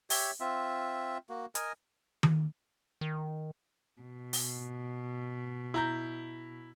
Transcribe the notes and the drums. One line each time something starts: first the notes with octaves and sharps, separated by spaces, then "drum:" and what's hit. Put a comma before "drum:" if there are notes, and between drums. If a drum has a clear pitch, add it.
G4 C#5 E5, drum: open hi-hat
C4 F4 E5
A#3 F#4
A#4 D#5 G#5, drum: hi-hat
drum: tom D#3
D#3
B2
drum: open hi-hat
E4 A#5 G6